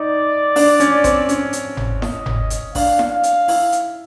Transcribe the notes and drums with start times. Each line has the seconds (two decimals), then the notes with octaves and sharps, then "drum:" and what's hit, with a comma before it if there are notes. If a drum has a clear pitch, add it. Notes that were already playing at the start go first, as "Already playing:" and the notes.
Already playing: D#4 D5
0.56 D4, drum: open hi-hat
0.80 C#4, drum: hi-hat
1.04 C4, drum: kick A1, hi-hat
1.29 C#4, drum: hi-hat
1.53 drum: hi-hat
1.77 drum: tom G1
2.02 D#5, drum: snare E4
2.26 drum: tom G1
2.50 drum: hi-hat
2.75 D4 F5, drum: kick A1, open hi-hat
2.99 drum: snare E4
3.11 F5
3.23 drum: hi-hat
3.48 E4, drum: open hi-hat
3.72 drum: hi-hat